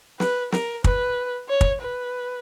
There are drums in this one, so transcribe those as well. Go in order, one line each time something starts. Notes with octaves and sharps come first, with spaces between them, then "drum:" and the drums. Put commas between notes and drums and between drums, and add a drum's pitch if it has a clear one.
B4, drum: snare
A#4, drum: snare
B4, drum: kick
C#5
drum: kick
B4